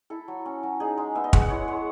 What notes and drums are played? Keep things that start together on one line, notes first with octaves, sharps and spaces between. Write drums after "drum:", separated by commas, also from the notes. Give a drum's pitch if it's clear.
E4 A4
F#3
C#4
F#3
D#4 G#4
G#3
B3 E5
D#5
G#3, drum: kick
F#5
E4 C#5
G#3